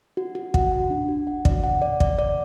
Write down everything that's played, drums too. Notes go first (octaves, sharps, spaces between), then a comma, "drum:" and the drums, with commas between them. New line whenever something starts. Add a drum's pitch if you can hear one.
F#4
F#4
F#5, drum: kick
F#5
D4
F#4
F#5
D5, drum: kick
F#5
D5
D5, drum: kick
D5